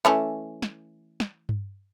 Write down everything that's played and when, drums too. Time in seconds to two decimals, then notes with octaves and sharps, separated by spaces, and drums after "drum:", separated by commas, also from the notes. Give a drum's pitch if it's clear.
0.05 E3 A3 C#4
0.62 drum: snare
1.20 drum: snare
1.49 drum: tom G2